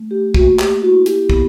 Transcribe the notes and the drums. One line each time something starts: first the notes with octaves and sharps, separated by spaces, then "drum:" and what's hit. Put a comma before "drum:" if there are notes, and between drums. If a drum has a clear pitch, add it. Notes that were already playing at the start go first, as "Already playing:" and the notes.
Already playing: A3
G4
A#3 F#4, drum: kick
G4, drum: clap
E4 F#4
G4, drum: hi-hat
B3, drum: kick